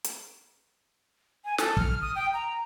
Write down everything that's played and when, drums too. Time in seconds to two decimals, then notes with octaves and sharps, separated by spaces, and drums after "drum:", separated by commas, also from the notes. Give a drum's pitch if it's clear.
0.04 drum: hi-hat
1.45 G#5
1.58 A4, drum: snare
1.77 F6, drum: kick
2.01 D#6
2.15 G5
2.34 A#5